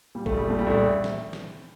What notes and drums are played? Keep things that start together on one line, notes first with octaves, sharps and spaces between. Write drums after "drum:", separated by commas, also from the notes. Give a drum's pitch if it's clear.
A#2 G3
A3, drum: kick
A#1
G3
A#2 A3
G3
A#1 A3
drum: snare
drum: snare